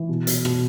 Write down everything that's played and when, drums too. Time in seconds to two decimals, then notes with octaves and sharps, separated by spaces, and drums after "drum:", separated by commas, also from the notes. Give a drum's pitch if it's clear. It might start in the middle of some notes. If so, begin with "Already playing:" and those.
Already playing: E3
0.09 B2
0.27 B2, drum: hi-hat
0.45 B2, drum: rim click